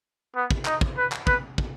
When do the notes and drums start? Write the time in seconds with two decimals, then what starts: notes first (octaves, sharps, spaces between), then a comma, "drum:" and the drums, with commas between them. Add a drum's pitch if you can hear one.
0.35 B3
0.51 drum: kick
0.65 D#4, drum: clap
0.81 drum: kick
0.97 B4
1.12 drum: clap
1.27 B4, drum: kick
1.58 drum: kick